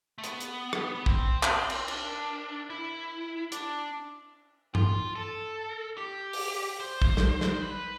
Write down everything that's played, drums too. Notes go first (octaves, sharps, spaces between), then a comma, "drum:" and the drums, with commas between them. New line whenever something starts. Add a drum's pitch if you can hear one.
A3
B3, drum: hi-hat
drum: hi-hat
drum: rim click
B3
C4, drum: kick
drum: clap
drum: cymbal
D4, drum: cymbal
E4
D4, drum: hi-hat
F4, drum: tom G2
A4
G4
drum: open hi-hat
C5
drum: kick
drum: snare
drum: snare
C5
B4